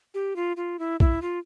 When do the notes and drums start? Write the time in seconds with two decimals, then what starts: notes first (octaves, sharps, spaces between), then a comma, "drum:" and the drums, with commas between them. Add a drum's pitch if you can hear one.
0.14 G4
0.36 F4
0.57 F4
0.79 E4
1.00 E4, drum: kick
1.22 F4